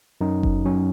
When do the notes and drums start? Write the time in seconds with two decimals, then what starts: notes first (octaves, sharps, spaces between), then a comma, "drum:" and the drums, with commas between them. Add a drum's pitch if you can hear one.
0.21 F#2 D#4
0.43 drum: kick F#1
0.66 F#3 C#4